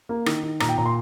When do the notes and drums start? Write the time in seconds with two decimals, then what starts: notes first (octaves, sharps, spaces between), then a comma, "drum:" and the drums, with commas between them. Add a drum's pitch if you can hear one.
0.09 A#3
0.26 D#3, drum: rim click
0.43 D#3
0.60 A#2 A#5, drum: rim click
0.69 G5
0.78 A#2 A#5
0.86 C6